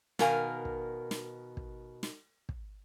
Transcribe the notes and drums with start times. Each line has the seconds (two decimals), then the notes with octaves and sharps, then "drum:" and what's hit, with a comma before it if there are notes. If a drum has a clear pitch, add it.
0.19 B2 D#3 A#4 F5 G#5, drum: snare
0.65 drum: kick
1.11 drum: snare
1.57 drum: kick
2.03 drum: snare
2.49 drum: kick